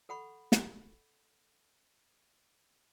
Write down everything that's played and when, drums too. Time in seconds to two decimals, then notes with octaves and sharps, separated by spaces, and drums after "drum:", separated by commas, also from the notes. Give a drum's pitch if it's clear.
0.09 A4 F#5 B5 C#6
0.52 drum: snare